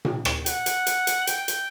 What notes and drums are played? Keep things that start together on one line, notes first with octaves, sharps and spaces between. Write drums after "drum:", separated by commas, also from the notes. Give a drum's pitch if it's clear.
drum: tom A#2
drum: rim click
F#5, drum: hi-hat
drum: hi-hat
drum: hi-hat
drum: hi-hat
G5, drum: hi-hat
drum: hi-hat